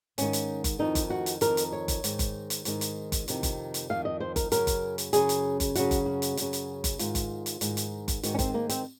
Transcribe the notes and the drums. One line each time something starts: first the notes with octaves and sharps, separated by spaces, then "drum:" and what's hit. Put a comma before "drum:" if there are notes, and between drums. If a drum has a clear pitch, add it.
G#2 D#3 C#4, drum: hi-hat
drum: hi-hat
drum: kick F#1, hi-hat
F2 D#3 D#4
drum: kick F#1, hi-hat
F#4
drum: hi-hat
F2 D#3 A#4, drum: hi-hat
drum: hi-hat
C#5
drum: kick F#1, hi-hat
G#2 D#3, drum: hi-hat
drum: kick F#1, hi-hat
drum: hi-hat
G#2 D#3, drum: hi-hat
drum: hi-hat
drum: kick F#1, hi-hat
F2 C3 D#3, drum: hi-hat
drum: kick F#1, hi-hat
drum: hi-hat
F2 C3 D#3 F5
D#5
C5
A#4, drum: kick F#1, hi-hat
F#2 C#3 A#4, drum: hi-hat
drum: kick F#1, hi-hat
drum: hi-hat
F#2 C#3 G#4, drum: hi-hat
drum: hi-hat
drum: kick F#1, hi-hat
F#2 C#3 F#4, drum: hi-hat
drum: kick F#1, hi-hat
F#4
drum: hi-hat
F#2 C#3, drum: hi-hat
drum: hi-hat
drum: kick F#1, hi-hat
G#2 D#3 F4, drum: hi-hat
drum: kick F#1, hi-hat
drum: hi-hat
G#2 D#3, drum: hi-hat
drum: hi-hat
drum: kick F#1, hi-hat
G#2 D#3 F#4, drum: hi-hat
C#4
C4, drum: kick F#1, hi-hat
A#3
C4, drum: hi-hat